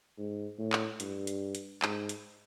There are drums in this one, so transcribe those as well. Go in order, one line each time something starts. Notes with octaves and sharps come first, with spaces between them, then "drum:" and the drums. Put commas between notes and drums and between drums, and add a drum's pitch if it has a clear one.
G#2
A2
drum: clap
G2, drum: hi-hat
drum: hi-hat
drum: hi-hat
G#2, drum: clap
drum: hi-hat